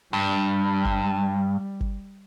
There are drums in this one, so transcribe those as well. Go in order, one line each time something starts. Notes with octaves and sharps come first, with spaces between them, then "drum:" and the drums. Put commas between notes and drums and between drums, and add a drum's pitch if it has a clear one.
G2 G3
drum: kick G1
drum: kick G1